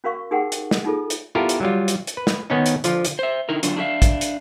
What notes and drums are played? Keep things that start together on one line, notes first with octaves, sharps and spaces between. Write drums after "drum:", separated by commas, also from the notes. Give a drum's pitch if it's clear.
C#4 F#4 A#4 F5 C#6
D#4 G4 G#4 A#4 F#5 G5
drum: hi-hat
drum: snare
D#4 F4 G#4 A4
drum: hi-hat
B3 E4 F4 G4 A4 A#4
drum: hi-hat
F#3 G3 F4
drum: hi-hat
drum: hi-hat
B4
drum: snare
D#3 B3 C#4 D#4
drum: hi-hat
D3 F3 F4, drum: hi-hat
drum: hi-hat
C5 E5
D3 D#4 E4 A#4
D3 F#3 D4 F4, drum: hi-hat
D4 E4 G4 E5 F5
drum: kick, hi-hat
drum: hi-hat